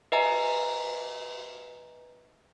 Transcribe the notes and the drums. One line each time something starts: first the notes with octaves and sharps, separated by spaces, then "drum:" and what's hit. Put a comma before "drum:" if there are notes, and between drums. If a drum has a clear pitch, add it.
B4 D#5 E5 G#5 A#5, drum: cymbal